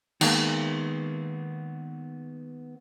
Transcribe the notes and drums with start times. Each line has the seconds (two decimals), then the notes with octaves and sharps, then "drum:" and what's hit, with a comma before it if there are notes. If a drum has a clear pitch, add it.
0.21 D#3 G#3 A#3 B3, drum: cymbal